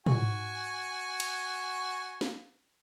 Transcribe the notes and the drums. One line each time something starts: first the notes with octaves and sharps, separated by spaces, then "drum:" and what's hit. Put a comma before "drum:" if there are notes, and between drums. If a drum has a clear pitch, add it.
F#4 G#5, drum: tom
drum: cymbal
drum: snare